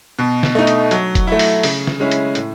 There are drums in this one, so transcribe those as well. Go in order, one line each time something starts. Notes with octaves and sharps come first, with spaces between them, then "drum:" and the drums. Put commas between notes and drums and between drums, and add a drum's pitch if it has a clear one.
B2
drum: snare
A3 D#4
drum: hi-hat
F#3, drum: hi-hat
drum: kick E1, hi-hat
A3 E4
drum: open hi-hat
C#3, drum: open hi-hat
drum: snare
G#3 C#4 E4
drum: hi-hat
A2, drum: hi-hat